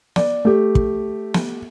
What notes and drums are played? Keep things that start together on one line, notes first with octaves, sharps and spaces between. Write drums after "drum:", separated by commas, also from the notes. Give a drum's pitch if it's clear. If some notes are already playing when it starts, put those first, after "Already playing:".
D5, drum: snare
A3 G4
drum: kick
drum: snare